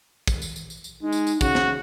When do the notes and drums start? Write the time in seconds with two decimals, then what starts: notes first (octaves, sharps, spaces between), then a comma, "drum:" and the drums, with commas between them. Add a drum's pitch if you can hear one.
0.27 drum: kick, tambourine
0.42 drum: tambourine
0.56 drum: tambourine
0.70 drum: tambourine
0.84 drum: tambourine
1.03 G#3 D#4
1.12 drum: tambourine
1.27 drum: tambourine
1.41 C#3 F#4, drum: kick, tambourine
1.55 drum: snare